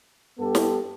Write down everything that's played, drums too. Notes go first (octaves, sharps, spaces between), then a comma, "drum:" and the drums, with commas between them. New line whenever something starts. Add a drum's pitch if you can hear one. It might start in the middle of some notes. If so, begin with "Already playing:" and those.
G2 B3 G4 A4
drum: snare